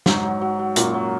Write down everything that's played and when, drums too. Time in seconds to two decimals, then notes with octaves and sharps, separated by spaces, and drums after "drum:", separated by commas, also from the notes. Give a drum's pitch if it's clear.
0.06 G#2 F#3, drum: snare
0.24 F#3
0.41 F#3
0.59 F#3
0.76 F#2 A#2, drum: hi-hat
0.94 F#3